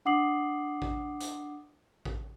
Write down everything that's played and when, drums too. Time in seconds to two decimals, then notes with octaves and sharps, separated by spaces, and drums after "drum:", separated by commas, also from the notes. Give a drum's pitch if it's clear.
0.05 D4 F#5 D6 D#6 C7 F#7
0.82 drum: kick A1
1.20 drum: hi-hat
2.05 drum: kick A1